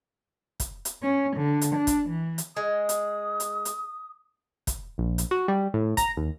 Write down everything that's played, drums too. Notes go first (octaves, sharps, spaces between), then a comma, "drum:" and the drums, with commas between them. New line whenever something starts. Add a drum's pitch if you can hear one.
drum: kick, hi-hat
drum: hi-hat
C#4
D3
drum: hi-hat
D4
drum: kick, hi-hat
E3
drum: hi-hat
G#3 D#6
drum: hi-hat
drum: hi-hat
drum: hi-hat
drum: kick, hi-hat
A#1
drum: hi-hat
F#4
G3
A2
A#5, drum: kick, hi-hat
D#2